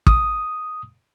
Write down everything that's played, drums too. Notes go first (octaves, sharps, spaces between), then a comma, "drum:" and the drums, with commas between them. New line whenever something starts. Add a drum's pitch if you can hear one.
D#6, drum: kick